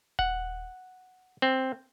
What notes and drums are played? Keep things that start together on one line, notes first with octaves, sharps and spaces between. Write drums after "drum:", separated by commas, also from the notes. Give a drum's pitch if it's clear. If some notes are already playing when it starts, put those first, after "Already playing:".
F#5, drum: kick D#1
C4